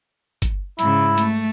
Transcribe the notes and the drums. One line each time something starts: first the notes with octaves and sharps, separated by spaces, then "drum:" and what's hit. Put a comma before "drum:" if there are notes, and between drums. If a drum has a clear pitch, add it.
drum: kick, hi-hat
G#2 C#3 E4, drum: hi-hat
A3, drum: hi-hat